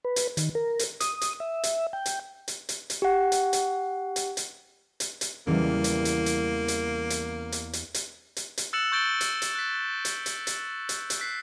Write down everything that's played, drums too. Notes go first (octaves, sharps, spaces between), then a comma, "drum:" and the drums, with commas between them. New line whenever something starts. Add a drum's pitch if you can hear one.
B4
drum: hi-hat
D#3, drum: hi-hat
A#4
drum: hi-hat
D#6, drum: hi-hat
drum: hi-hat
E5
drum: hi-hat
G5
drum: hi-hat
drum: hi-hat
drum: hi-hat
drum: hi-hat
G4 F#5
drum: hi-hat
drum: hi-hat
drum: hi-hat
drum: hi-hat
drum: hi-hat
drum: hi-hat
E2 C#3 E3 G3 A#3
drum: hi-hat
drum: hi-hat
drum: hi-hat
drum: hi-hat
drum: hi-hat
drum: hi-hat
drum: hi-hat
drum: hi-hat
drum: hi-hat
drum: hi-hat
E6 F#6 A6 C#7 E7 F#7
C#6 G6 A6 D7 G7
drum: hi-hat
drum: hi-hat
F#6 B6
drum: hi-hat
drum: hi-hat
drum: hi-hat
drum: hi-hat
drum: hi-hat
F#6 B6 C7